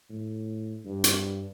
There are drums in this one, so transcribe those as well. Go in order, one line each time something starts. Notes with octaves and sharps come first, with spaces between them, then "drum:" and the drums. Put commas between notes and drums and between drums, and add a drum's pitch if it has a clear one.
A2
G2
drum: hi-hat